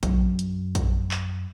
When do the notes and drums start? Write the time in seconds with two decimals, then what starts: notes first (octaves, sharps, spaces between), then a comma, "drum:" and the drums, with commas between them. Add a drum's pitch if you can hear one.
0.03 F#2, drum: kick A#1, hi-hat
0.39 drum: hi-hat
0.75 drum: kick A#1, hi-hat
1.11 drum: clap